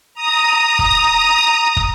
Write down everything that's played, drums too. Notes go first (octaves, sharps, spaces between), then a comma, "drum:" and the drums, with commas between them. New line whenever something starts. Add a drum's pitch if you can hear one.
A#5 D#6
drum: kick
drum: kick